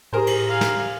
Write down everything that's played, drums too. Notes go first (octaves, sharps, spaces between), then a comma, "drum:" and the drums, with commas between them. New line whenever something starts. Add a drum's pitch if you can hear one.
A2 G4 G#4 A#4 C5 A#5
drum: cymbal
F5 G#5
drum: snare